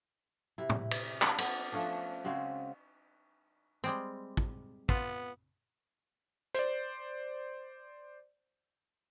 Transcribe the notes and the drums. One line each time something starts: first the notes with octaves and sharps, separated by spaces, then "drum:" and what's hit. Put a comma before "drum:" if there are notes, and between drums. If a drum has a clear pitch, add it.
C3 E4
drum: tom
drum: cymbal
D4, drum: clap
B3, drum: cymbal
F3 A3 C#4 D4
C#3 G#3 C4 F#4
G3 G#3 C4
drum: kick
B3 F4, drum: kick
C5 D5, drum: hi-hat